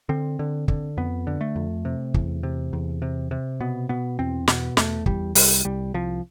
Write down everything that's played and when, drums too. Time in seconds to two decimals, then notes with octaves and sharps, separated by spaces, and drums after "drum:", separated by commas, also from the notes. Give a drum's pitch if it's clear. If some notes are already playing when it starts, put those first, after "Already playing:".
0.09 D3 C4
0.39 D3
0.68 D3, drum: kick
0.97 F2 B3
1.27 D3
1.41 A3
1.56 F2
1.85 C3
2.14 E2, drum: kick
2.43 C3
2.73 E2
3.02 C3
3.31 C3
3.60 B2 B3
3.89 B2 B3
4.19 E2 C4
4.48 B2 B3, drum: snare
4.77 E2 A3, drum: snare
5.06 E2 G3, drum: kick
5.35 C2 G3, drum: open hi-hat
5.65 C2 G3
5.94 C2 F3